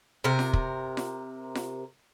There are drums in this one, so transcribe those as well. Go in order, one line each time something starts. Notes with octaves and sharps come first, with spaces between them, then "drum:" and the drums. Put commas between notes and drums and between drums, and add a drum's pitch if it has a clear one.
C3 A#4
drum: snare F4
drum: kick
drum: snare F4
drum: snare F4